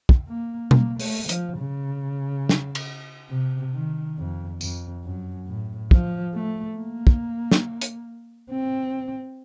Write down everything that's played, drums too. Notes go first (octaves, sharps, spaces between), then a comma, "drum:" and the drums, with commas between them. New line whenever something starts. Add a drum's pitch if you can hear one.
drum: kick
A#3
A#3, drum: tom B2
A3, drum: open hi-hat
F3, drum: hi-hat
C#3
drum: snare
drum: cymbal
C3
D#3
F2
F2, drum: tambourine
F#2
A2
F3, drum: kick
A3
A#3
drum: kick
drum: snare
drum: hi-hat
C4